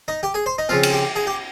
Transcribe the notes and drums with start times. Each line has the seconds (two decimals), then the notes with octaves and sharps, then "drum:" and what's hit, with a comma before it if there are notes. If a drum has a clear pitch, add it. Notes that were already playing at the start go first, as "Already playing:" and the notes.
0.08 D#4 D#5
0.23 G4 G5
0.34 G#4 G#5
0.46 C5 C6
0.58 D#4 D#5
0.69 C#3 F3 C4 F4 F5
0.83 drum: cymbal
0.92 G4 G5
1.15 G#4 G#5
1.27 G4 G5